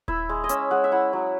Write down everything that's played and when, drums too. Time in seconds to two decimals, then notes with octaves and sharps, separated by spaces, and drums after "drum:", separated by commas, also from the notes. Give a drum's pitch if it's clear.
0.08 E4 E5, drum: kick D#1
0.29 G#3
0.44 D#5
0.49 C#4 E5, drum: hi-hat
0.71 G#3 F#5
0.84 E5
0.92 E4 F#5
1.13 F#3